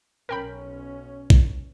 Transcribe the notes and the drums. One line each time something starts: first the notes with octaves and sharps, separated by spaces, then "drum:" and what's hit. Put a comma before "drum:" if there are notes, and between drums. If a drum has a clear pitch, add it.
B1 C#4 A#4 G5 B5
drum: kick